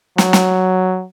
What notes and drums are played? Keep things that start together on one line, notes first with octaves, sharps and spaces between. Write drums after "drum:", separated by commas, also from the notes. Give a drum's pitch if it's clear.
F#3, drum: snare
drum: snare